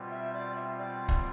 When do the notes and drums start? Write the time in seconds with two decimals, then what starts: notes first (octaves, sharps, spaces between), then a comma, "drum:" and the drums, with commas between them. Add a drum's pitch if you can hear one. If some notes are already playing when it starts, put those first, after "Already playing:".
Already playing: B2 G3 C4 F4
0.10 E5
0.33 D5
0.56 E5
0.78 D5
1.08 drum: kick